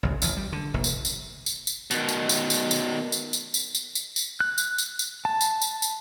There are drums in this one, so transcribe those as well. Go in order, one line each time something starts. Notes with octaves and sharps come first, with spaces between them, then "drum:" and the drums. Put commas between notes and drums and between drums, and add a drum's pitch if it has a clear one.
A1 D2 C#3
A1 D2 F3, drum: tambourine
G3
D3
F1 A#1
drum: tambourine
drum: tambourine
drum: tambourine
drum: tambourine
B2 D#3, drum: tambourine
drum: tambourine
drum: tambourine
drum: tambourine
drum: tambourine
drum: tambourine
drum: tambourine
drum: tambourine
drum: tambourine
drum: tambourine
drum: tambourine
F#6
drum: tambourine
drum: tambourine
drum: tambourine
A5
drum: tambourine
drum: tambourine
drum: tambourine